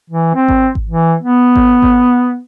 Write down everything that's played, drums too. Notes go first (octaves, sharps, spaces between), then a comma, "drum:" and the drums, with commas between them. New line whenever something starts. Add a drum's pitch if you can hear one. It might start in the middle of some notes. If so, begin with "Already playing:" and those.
E3
C4
drum: kick G#1
drum: kick G#1
E3
B3
drum: kick G#1
drum: kick G#1